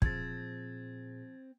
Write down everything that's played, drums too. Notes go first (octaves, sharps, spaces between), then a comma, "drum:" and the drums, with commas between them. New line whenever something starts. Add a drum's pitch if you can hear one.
A#2 F3 C4 G#4 G#6 A6, drum: kick